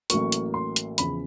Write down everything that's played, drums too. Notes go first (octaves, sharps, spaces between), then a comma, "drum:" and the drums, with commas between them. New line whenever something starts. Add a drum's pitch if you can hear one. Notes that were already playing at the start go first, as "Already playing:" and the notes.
A1 A2 F#3 A#3 C#6, drum: hi-hat
drum: hi-hat
C6
drum: hi-hat
E2 C#3 F3 B5, drum: hi-hat